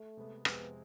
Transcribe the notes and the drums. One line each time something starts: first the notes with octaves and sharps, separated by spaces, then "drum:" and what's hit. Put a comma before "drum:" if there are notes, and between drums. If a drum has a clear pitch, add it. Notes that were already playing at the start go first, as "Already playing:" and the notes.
Already playing: A3
C3 G#3 B3
F2 C3 G#3 B3 C4 G#4, drum: rim click